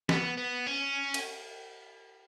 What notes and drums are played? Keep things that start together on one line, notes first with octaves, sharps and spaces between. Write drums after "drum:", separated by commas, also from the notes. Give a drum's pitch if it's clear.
B3, drum: snare
B3
C#4
drum: cymbal